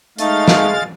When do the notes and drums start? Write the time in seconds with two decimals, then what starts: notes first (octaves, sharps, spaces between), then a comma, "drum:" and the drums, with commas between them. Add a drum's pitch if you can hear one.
0.18 G#3 A3 D#4 F5 A6, drum: hi-hat
0.48 drum: snare